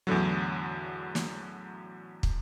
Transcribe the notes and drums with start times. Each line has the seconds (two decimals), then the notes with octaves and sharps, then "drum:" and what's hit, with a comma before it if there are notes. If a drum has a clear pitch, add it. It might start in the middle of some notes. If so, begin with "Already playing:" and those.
0.07 E2 A2 D3 F#3
1.15 drum: snare
2.23 drum: kick